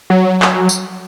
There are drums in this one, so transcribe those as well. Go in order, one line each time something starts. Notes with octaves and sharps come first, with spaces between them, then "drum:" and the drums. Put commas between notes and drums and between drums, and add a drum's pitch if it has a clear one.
F#3
drum: clap
drum: tambourine